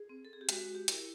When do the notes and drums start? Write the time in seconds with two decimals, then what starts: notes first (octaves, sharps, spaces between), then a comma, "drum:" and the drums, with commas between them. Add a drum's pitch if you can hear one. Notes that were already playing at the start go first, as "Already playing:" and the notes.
Already playing: G#4
0.09 C4
0.25 A4
0.33 G#4
0.41 G4
0.49 G#3 F#4, drum: hi-hat
0.75 G4
0.88 E4 A#4, drum: hi-hat